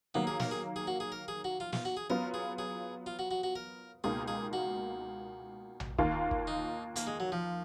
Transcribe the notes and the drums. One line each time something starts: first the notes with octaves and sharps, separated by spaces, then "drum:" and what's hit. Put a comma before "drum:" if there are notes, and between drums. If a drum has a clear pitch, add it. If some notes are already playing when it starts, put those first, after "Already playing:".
D#3 F#3 A#3 B3
G#4
A#4, drum: snare
G#4
G#4
F#4
G#4
A#4
G#4
F#4
F4
F4, drum: snare
F#4
G#4
F#3 B3 F4 A#4
G#4
G#4
F4
F#4
F#4
F#4
A#4
C#2 B2 A#3 D#4 G#4
G#4
F#4
drum: tom A#1
D#2 D#3 A#3 F4, drum: kick
drum: kick
D#4
A#3, drum: hi-hat
G#3
F#3
F3